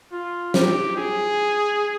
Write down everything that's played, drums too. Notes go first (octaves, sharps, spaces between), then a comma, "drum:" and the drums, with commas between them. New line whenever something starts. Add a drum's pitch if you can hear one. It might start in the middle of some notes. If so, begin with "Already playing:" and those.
F4
G4, drum: snare
G#4